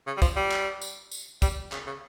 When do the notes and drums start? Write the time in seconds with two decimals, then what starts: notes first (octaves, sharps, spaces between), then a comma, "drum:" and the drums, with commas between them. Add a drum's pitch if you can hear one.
0.07 C#3
0.17 G3
0.22 F3, drum: kick, tambourine
0.36 G3
0.52 drum: clap
0.82 drum: tambourine
1.11 drum: tambourine
1.42 G3, drum: kick, tambourine
1.72 C#3, drum: clap
1.86 C#3